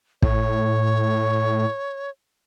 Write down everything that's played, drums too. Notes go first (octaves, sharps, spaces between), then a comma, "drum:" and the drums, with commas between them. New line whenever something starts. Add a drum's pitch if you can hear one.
A2 C#5, drum: kick